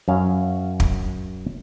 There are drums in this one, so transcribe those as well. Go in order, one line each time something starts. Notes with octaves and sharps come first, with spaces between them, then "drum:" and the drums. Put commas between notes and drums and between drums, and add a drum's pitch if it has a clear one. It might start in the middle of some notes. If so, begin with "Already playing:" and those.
F#2 C#4 F5
drum: kick